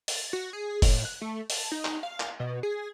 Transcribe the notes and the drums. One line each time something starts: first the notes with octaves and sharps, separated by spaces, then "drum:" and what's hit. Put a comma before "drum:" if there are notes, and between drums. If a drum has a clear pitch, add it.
A6, drum: open hi-hat
F#4
G#4
A2, drum: kick, open hi-hat
F#6
A3
A5, drum: open hi-hat
D#4
drum: clap
F5
drum: clap
B2
G#4